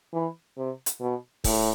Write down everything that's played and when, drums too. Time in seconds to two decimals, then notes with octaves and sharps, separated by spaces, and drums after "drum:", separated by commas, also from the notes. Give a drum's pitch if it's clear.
0.13 E3
0.57 C3
0.86 drum: hi-hat
1.00 B2
1.44 A2, drum: kick, open hi-hat